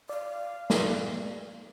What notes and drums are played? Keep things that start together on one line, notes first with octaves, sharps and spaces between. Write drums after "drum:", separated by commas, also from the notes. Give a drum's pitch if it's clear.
D5 F5
drum: snare